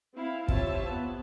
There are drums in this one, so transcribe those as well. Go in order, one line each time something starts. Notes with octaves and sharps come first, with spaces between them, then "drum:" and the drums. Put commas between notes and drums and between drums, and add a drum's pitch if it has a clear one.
C4 E4 F5
C4 F4 G4 C#5 E5 A5, drum: kick
B3